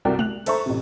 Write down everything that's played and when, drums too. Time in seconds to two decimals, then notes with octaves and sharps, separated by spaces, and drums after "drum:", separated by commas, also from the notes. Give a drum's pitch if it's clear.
0.05 C2 F#4 A#4 D5 G5
0.19 F#6 F7 F#7, drum: tom G#3
0.46 A4 C5 E5 A#5 C#6, drum: cymbal
0.66 A1 C3